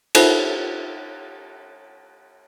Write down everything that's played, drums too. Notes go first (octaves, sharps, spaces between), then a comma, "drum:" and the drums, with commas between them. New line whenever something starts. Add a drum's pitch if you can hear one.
D#4 F4 A4 C5 E5 F#5, drum: cymbal